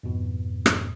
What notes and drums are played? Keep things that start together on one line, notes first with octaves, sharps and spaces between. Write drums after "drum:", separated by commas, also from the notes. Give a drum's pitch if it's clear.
F2 G#2 B2
drum: rim click